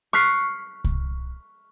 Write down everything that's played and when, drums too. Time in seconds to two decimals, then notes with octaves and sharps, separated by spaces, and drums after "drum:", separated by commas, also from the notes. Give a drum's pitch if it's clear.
0.13 C#6 F6 F#6 B6 C7
0.84 drum: kick C2